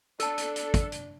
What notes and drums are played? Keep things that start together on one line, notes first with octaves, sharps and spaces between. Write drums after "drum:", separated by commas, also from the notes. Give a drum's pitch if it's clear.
D4 A4 A5 E6, drum: hi-hat
drum: hi-hat
drum: hi-hat
drum: kick, hi-hat
drum: hi-hat